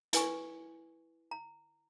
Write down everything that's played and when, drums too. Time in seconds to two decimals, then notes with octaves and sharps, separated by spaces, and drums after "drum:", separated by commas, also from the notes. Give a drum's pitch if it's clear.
0.13 E4 B4 G#5 C#6, drum: hi-hat
1.31 A#5